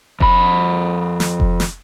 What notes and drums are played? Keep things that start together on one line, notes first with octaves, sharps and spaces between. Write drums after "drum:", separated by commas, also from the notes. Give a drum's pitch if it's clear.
F2 B5, drum: kick F1
drum: snare
drum: kick F1
drum: snare